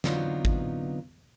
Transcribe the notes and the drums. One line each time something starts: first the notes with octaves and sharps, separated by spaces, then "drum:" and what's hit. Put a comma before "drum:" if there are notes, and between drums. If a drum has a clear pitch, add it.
D3 F#3 B3 C4 D#4 F4, drum: snare
drum: kick G#1